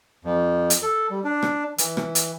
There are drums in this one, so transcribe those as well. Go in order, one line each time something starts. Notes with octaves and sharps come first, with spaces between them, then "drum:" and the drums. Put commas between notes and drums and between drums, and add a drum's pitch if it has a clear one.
F2
drum: hi-hat
A4
G3
D4
drum: rim click
E3, drum: hi-hat
drum: rim click
drum: hi-hat